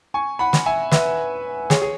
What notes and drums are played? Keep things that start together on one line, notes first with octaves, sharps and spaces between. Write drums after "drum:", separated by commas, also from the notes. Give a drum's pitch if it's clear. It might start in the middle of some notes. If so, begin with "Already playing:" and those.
G#5 C#6
F#5 B5
drum: snare
E5 G#5
B4 E5, drum: snare
G#4 C#5, drum: snare
G#4